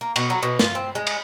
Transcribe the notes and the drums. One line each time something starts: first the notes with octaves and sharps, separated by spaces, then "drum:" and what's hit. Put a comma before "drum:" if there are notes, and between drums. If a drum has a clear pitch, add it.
A#3
B2, drum: cymbal
F#3
B2
F4, drum: snare
C4
G#3
drum: cymbal